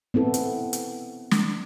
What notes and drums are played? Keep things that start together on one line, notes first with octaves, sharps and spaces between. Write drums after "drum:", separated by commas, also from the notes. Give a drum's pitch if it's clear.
B3 C4 E4 A4
drum: hi-hat
drum: hi-hat
drum: snare